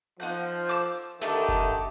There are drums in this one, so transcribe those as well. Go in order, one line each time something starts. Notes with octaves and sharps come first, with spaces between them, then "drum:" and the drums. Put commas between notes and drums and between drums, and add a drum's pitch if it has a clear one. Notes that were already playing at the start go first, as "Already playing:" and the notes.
F3 D#4 F#5 G6
D6 E6, drum: hi-hat
drum: hi-hat
D3 D#3 A3 G4 A4, drum: snare
drum: kick F#1, hi-hat